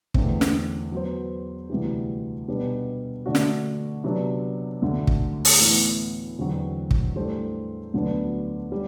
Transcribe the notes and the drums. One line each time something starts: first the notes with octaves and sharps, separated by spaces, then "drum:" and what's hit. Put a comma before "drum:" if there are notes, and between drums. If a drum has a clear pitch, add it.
E2 D3 A3 C4, drum: kick
drum: snare
F#3 B3 F#4 C5
D2 C3 E3 G3
B2 G3 B3 D4
D3 A3 D4 F#4
drum: snare
C3 F#3 B3 D4
D2 D3 A3
drum: kick
drum: open hi-hat
A2 E3 B3
E2 D3 F#3 C4 F#4
drum: kick
A2 G3 D4 A4 C5
D2 D3 F#3 B3 D4
G3